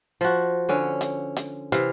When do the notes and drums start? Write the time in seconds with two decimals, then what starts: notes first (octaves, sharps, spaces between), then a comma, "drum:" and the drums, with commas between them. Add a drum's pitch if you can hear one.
0.21 F3 F#4
0.69 D3 C#4
1.01 drum: hi-hat
1.36 drum: hi-hat
1.72 C3 E3 F5, drum: hi-hat